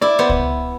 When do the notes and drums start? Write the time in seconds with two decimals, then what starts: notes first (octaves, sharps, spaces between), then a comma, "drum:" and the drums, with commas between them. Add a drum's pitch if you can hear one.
0.01 E4 D5
0.19 B3 C5
0.29 drum: kick C#2